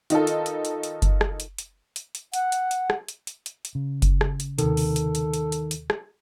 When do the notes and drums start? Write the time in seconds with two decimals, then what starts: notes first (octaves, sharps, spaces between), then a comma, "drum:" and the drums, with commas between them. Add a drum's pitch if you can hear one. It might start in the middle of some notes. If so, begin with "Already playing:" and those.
0.10 D#3 D#4 F4 A4, drum: hi-hat
0.27 drum: hi-hat
0.46 drum: hi-hat
0.65 drum: hi-hat
0.83 drum: hi-hat
1.02 drum: kick F#1, hi-hat
1.21 drum: rim click
1.40 drum: hi-hat
1.58 drum: hi-hat
1.96 drum: hi-hat
2.15 drum: hi-hat
2.34 F#5, drum: hi-hat
2.52 drum: hi-hat
2.71 drum: hi-hat
2.90 drum: rim click
3.08 drum: hi-hat
3.27 drum: hi-hat
3.46 drum: hi-hat
3.65 drum: hi-hat
3.75 C#3
4.02 drum: kick F#1, hi-hat
4.21 drum: rim click
4.40 drum: hi-hat
4.59 D#2 C3 D#3 A4, drum: hi-hat
4.77 drum: open hi-hat
4.96 drum: hi-hat
5.15 drum: hi-hat
5.34 drum: hi-hat
5.52 drum: hi-hat
5.71 drum: hi-hat
5.90 drum: rim click